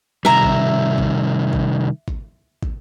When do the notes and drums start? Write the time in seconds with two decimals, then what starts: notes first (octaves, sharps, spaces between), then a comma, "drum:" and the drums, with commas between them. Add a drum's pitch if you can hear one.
0.25 C3 D#3 G3 E5 A#5
0.43 drum: kick
0.98 drum: kick
1.53 drum: kick
2.08 drum: kick
2.63 drum: kick